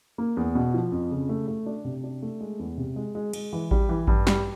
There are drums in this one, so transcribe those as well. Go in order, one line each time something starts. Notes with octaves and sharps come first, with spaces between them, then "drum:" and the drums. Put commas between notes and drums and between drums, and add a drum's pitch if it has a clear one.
A#3
E2
B2
F3
F2
C#3
A3
A3
D4
C3
D4
A3
G#3
E2
C3
G#3
G#3
G#3, drum: cymbal
E3
G3, drum: kick A1
E3
G2, drum: kick A1
G3, drum: snare